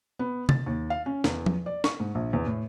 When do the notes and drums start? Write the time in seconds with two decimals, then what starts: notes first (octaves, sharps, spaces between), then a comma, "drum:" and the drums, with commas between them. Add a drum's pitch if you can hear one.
0.19 B3
0.49 A6, drum: tom C3
0.66 D#2
0.90 F5
1.06 C#4
1.24 E2, drum: snare
1.46 drum: tom F3
1.66 D5
1.84 C#6, drum: snare
2.00 G#2
2.15 A#1
2.33 E2
2.46 A2